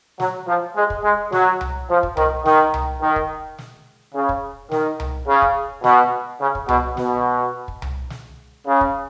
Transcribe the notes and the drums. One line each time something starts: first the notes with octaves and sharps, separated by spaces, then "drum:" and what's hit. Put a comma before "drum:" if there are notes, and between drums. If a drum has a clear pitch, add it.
F#3, drum: snare
F3
G#3
drum: kick
G#3
F#3, drum: snare
drum: tom C2
F3
drum: kick
D#3, drum: tom C2
D#3, drum: snare
drum: tom C2
D#3
drum: kick
drum: snare
C#3
drum: kick
D#3, drum: snare
drum: tom C2
C#3
drum: kick
B2, drum: snare
C#3
drum: kick
B2, drum: tom C2
B2, drum: snare
drum: kick
drum: tom C2
drum: snare
C#3
drum: kick